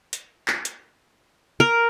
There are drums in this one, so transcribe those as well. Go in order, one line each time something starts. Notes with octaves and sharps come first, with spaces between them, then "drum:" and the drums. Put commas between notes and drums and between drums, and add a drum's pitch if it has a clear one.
drum: hi-hat
drum: clap
drum: hi-hat
A#4